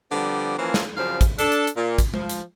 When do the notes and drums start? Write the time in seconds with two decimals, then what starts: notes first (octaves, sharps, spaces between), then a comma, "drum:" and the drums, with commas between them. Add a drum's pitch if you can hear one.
0.12 D3 F3 G3 B3 C4 D5
0.59 E3 F3 A#3 C4 C#4
0.74 drum: snare
0.97 F#2 C#3 F3 G3 C4 F5
1.21 drum: kick, hi-hat
1.39 D4 A4, drum: hi-hat
1.52 drum: hi-hat
1.67 drum: hi-hat
1.77 A#2
1.98 drum: kick, hi-hat
2.14 F3, drum: tom G#3
2.29 drum: hi-hat